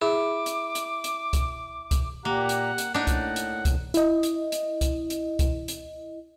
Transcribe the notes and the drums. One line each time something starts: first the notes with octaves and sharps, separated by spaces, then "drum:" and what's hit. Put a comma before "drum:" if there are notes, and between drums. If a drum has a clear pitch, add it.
E4 G#4 D6
drum: hi-hat
drum: hi-hat
drum: hi-hat
drum: kick C2, hi-hat
drum: kick C2, hi-hat
A#2 A#3 G4 F#5 A#5
drum: hi-hat
drum: hi-hat
A2 D4 D#4 F#5
drum: kick C2, hi-hat
drum: hi-hat
drum: kick C2, hi-hat
E4 D#5, drum: hi-hat
drum: hi-hat
drum: hi-hat
drum: kick C2, hi-hat
drum: hi-hat
drum: kick C2, hi-hat
drum: hi-hat